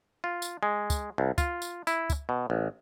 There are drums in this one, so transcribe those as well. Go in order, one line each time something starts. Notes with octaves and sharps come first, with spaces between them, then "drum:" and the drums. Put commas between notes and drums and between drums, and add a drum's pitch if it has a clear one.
F4
drum: tambourine
G#3
drum: kick, tambourine
C2
F4, drum: kick, tambourine
drum: tambourine
E4, drum: tambourine
drum: kick, tambourine
B2
A1